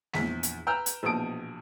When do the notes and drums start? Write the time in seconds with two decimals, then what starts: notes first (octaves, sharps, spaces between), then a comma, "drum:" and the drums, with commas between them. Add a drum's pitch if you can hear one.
0.14 A#1 E2 B6, drum: snare G#3
0.43 drum: hi-hat
0.67 B4 G5 A#5 E6 F6 G6
0.86 drum: hi-hat
1.03 A#1 B2 E3 A5 D#6 D7